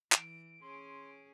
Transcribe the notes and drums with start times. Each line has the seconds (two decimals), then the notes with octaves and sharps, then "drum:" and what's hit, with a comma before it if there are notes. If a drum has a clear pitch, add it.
0.12 E3 D7, drum: clap
0.61 C#4 G#4 C6